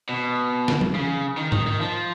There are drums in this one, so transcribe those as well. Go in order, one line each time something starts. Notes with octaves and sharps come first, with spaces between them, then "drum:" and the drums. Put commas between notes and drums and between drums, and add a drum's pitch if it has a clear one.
B2
drum: snare
drum: tom E3
C#3
D#3
D#3, drum: tom G#2
D#3
F3